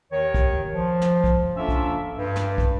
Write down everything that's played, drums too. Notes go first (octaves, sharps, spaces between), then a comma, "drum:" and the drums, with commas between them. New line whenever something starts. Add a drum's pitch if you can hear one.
D#2 D#3 C#5
drum: kick
F3
drum: snare
drum: kick
A#3 C#4 D4 F4 A4 E5
drum: kick
G2
drum: snare
drum: kick